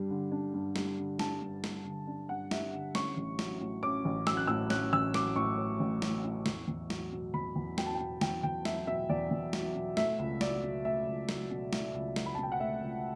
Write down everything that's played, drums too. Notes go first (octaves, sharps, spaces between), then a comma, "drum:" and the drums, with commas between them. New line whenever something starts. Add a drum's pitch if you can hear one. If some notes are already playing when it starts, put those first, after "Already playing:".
Already playing: G2 G3 D4
D3
D4
G2
G3, drum: snare
D3
D4 A5, drum: snare
G2
G3, drum: snare
D3
D4
G2 F#5
G3 E5, drum: snare
D3
C#4 C#6, drum: snare
A1
F#3, drum: snare
A2
C#4 D6
A1
F#3 E6, drum: snare
F#6
A2 E6
C#4 F#6, drum: snare
A1 E6
F#3 D6, drum: snare
A2 C#6
C#4
A1
F#3, drum: snare
A2
E2, drum: snare
E2
F#3, drum: snare
B2
E2 B5
E2
F#3 G5, drum: snare
A5
G5
B2
E2 G5, drum: snare
E2 G5
F#3 E5, drum: snare
B2 E5
E2 D5
E2
F#3, drum: snare
B2
A3 E5, drum: snare
C#2
F#3 D5, drum: snare
B2
A3 E5
C#2
F#3, drum: snare
B2
A3, drum: snare
C#2
F#3, drum: snare
B5
B2 A5
G5
F#5
A3 E5
C#2